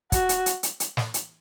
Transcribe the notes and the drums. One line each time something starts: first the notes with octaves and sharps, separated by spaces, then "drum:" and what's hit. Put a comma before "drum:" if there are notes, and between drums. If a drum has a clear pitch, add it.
F#4, drum: kick, hi-hat
drum: hi-hat
drum: hi-hat
drum: hi-hat
drum: hi-hat
drum: snare
drum: hi-hat